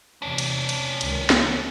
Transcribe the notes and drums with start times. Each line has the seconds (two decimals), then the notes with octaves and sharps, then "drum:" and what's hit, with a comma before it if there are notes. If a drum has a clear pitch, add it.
0.22 E2 C3 C#4 D4
0.38 drum: cymbal
0.69 drum: cymbal
1.01 C#2 D#3, drum: cymbal
1.30 E3, drum: snare